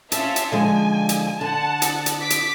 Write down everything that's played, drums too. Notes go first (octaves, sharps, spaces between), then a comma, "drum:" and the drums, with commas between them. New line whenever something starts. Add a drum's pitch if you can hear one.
C#4 F4 E5 A5, drum: hi-hat
drum: hi-hat
D3 F3 G#3 G#5
drum: hi-hat
D3 F#5 A5
drum: hi-hat
drum: hi-hat
D6 B6
drum: hi-hat